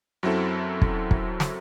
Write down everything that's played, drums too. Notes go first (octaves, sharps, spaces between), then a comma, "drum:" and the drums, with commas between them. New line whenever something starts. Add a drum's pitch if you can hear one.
F#2 F#3 C4 E4 A4
drum: kick
drum: kick
drum: snare